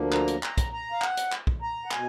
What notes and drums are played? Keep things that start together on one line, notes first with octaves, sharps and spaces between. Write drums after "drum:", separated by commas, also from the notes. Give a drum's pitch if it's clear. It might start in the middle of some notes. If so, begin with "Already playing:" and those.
Already playing: D2 D3 F3 A#3
A#5, drum: clap
drum: hi-hat
A#5, drum: clap
drum: kick, hi-hat
A#5
F5
F#5, drum: clap
drum: hi-hat
drum: clap
drum: kick
A#5
F#5
B2 G#5, drum: clap